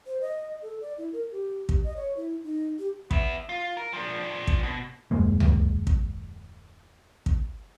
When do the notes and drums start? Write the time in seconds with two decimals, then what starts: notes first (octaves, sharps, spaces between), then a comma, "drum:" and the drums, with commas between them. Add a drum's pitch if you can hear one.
0.06 C5
0.21 D#5
0.62 A4
0.81 D5
0.98 E4
1.13 A#4
1.32 G4
1.69 drum: kick
1.84 D#5
1.96 C#5
2.17 E4
2.44 D#4
2.79 G4
3.11 B3 E5, drum: kick
3.49 F4
3.77 A#4
3.93 F3 D4
4.47 drum: kick
4.63 B2
5.11 D#1 F#2 G#3 A#3
5.40 drum: tom C#2
5.87 drum: kick
7.26 drum: kick